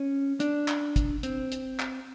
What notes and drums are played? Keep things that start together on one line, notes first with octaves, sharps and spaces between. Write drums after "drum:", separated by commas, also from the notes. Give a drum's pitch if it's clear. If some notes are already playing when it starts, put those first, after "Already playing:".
Already playing: C#4
D4, drum: hi-hat
drum: clap
drum: kick, hi-hat
C4, drum: hi-hat
drum: hi-hat
drum: clap